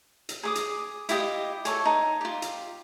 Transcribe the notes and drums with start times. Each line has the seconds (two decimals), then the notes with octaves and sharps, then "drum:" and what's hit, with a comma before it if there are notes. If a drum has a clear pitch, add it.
0.29 drum: hi-hat
0.43 G#4 D6 D#6
0.55 drum: hi-hat
1.09 E4 F4 G4 D#5, drum: hi-hat
1.65 A4 C#5 G#5, drum: hi-hat
1.85 D#4
2.21 F4 G4
2.42 drum: hi-hat